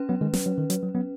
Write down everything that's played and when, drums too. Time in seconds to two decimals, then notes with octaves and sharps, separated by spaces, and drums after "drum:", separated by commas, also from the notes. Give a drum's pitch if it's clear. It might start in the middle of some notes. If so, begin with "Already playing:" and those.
Already playing: C#4 B4
0.09 F#3 B3
0.21 D#3 G#3
0.34 F#3, drum: snare
0.46 F#3
0.58 D#3
0.70 F#3, drum: hi-hat
0.83 F#3
0.95 F#3 B3